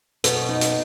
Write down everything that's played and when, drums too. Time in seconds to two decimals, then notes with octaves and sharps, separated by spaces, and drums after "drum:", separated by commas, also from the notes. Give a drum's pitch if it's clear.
0.24 B2 B4, drum: hi-hat
0.49 D#4
0.61 drum: hi-hat